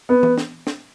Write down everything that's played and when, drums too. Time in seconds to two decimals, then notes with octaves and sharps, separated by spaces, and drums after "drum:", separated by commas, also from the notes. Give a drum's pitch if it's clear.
0.09 B3
0.23 drum: tom E3
0.38 drum: snare
0.67 drum: snare